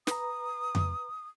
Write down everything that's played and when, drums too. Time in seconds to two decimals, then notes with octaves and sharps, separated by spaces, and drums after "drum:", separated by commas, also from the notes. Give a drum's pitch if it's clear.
0.07 B4 A#5 D#6, drum: snare
0.75 drum: tom F2